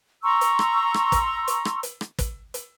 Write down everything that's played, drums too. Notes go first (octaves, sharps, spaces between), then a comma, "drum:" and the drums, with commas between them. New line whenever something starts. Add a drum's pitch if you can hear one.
A#5 C6 C#6 E6
drum: hi-hat
drum: rim click
drum: rim click
drum: kick, hi-hat
drum: hi-hat
drum: rim click
drum: hi-hat
drum: rim click
drum: kick, hi-hat
drum: hi-hat